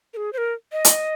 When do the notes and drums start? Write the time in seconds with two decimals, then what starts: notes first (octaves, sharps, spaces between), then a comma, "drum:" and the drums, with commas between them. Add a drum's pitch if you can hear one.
0.14 A#4
0.17 G#4
0.33 C5
0.38 A#4
0.72 D#5
0.85 drum: hi-hat